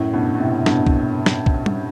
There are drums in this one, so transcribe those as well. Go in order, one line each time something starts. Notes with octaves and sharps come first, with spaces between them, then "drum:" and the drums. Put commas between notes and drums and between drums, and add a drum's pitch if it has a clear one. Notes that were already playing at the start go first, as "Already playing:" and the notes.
Already playing: F#2 A2
G2 B2
B2
A2 C3
G2 B2, drum: snare
drum: kick
drum: snare
drum: kick
drum: tom G3